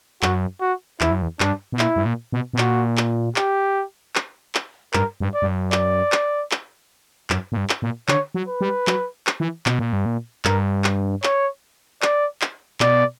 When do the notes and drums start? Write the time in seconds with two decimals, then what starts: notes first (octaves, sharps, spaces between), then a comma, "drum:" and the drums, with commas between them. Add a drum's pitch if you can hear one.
0.23 F#2 F#4, drum: clap
0.61 F#4
1.01 E2 E4, drum: clap
1.11 F#2
1.22 E2
1.40 G2 D4, drum: clap
1.72 B2
1.79 A#2 E4, drum: clap
1.96 G2
2.05 A#2
2.32 B2
2.54 B2
2.58 A#2 F#4, drum: clap
2.97 drum: clap
3.36 G4, drum: clap
4.15 drum: clap
4.55 drum: clap
4.94 G2 A#4, drum: clap
5.20 G2
5.34 D5
5.42 G2
5.47 F#2
5.72 D5, drum: clap
6.12 drum: clap
6.51 drum: clap
7.30 F#2, drum: clap
7.52 A#2
7.57 G2
7.69 drum: clap
7.82 A#2
8.08 D3 C#5, drum: clap
8.35 F#3
8.48 B4
8.61 G3
8.87 F#3, drum: clap
9.27 drum: clap
9.40 E3
9.66 B2, drum: clap
9.79 A#2
9.93 G2
10.06 A#2
10.45 G2 A#4, drum: clap
10.84 drum: clap
11.24 C#5, drum: clap
12.02 D5, drum: clap
12.42 drum: clap
12.80 B2 D5, drum: clap